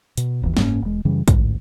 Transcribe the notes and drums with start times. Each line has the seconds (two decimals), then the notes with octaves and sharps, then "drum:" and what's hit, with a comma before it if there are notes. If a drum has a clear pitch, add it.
0.17 B2, drum: hi-hat
0.42 D1 G1 D#2 E3
0.57 F#1 G#2 A#3 C#4, drum: snare
0.82 E1 G#3
1.05 F#2 C#3 E3 G3
1.28 A1 D2 G#2, drum: kick, hi-hat